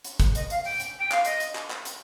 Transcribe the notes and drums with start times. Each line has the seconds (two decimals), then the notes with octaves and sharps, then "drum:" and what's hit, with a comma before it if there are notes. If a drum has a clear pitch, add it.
0.04 drum: hi-hat
0.20 drum: kick, hi-hat
0.35 D#5, drum: hi-hat
0.50 F5, drum: hi-hat
0.64 G5, drum: open hi-hat
0.80 drum: hi-hat
0.99 G5
1.11 F5, drum: clap
1.25 D#5, drum: hi-hat
1.40 drum: hi-hat
1.55 drum: clap
1.70 drum: clap
1.85 drum: hi-hat